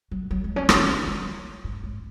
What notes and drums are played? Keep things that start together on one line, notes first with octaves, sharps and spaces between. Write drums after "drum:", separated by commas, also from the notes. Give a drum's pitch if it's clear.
F#3
F#3
G#3
C#4
C#4, drum: rim click
B3
G#3
F#3
G#2
G#2